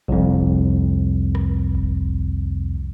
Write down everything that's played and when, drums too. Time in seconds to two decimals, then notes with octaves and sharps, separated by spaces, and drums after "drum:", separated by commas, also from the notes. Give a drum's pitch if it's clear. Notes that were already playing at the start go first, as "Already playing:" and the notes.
0.08 C2 F2, drum: kick G1
1.35 drum: rim click
1.75 drum: kick G1